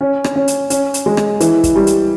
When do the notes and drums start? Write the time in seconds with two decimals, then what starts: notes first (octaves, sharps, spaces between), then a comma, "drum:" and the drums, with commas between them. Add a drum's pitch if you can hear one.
0.01 C#4
0.24 drum: rim click
0.36 C#4
0.48 drum: hi-hat
0.70 C#4, drum: hi-hat
0.94 drum: hi-hat
1.06 G#3
1.17 drum: rim click
1.40 E3, drum: hi-hat
1.64 drum: kick, hi-hat
1.75 G3
1.87 drum: hi-hat